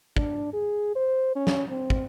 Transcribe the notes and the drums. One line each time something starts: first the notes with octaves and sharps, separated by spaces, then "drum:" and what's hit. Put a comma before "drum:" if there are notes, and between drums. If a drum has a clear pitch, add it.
D4, drum: kick
G#4
C5
C#4
drum: snare
C4
drum: kick